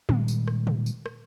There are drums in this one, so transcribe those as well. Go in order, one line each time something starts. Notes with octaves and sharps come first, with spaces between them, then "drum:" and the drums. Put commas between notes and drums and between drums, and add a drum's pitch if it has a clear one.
A#2 D#3 G3 G#3, drum: tom
drum: tambourine
drum: rim click
drum: tom
drum: tambourine
drum: rim click